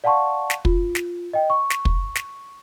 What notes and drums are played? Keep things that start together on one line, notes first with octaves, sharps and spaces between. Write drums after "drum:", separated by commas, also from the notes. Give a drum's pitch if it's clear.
D5 F5 F#5 A5 C6 C#6
drum: snare
F4, drum: kick
drum: snare
D#5 G5
C#6
drum: snare
drum: kick
drum: snare